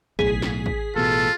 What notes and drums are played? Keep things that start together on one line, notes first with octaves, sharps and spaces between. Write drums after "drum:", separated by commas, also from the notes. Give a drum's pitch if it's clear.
B1 A2 G#4 B6, drum: kick
drum: snare
drum: kick
A1 B2 F4 A4